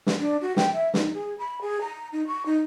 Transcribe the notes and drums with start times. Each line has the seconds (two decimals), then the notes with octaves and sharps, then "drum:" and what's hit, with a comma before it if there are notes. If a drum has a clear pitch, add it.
0.06 drum: snare
0.20 D4
0.42 F#4
0.57 G5, drum: snare
0.73 E5
0.94 D#4, drum: snare
1.14 G#4
1.39 B5
1.62 G#4
1.81 A#5
2.12 D#4
2.27 C#6
2.46 D#4